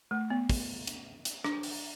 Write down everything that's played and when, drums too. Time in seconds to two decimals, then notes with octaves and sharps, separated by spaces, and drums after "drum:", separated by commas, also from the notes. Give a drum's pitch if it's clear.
0.11 A3
0.30 B3
0.49 drum: kick, open hi-hat
0.87 drum: hi-hat
1.25 drum: hi-hat
1.44 D4, drum: rim click
1.63 drum: open hi-hat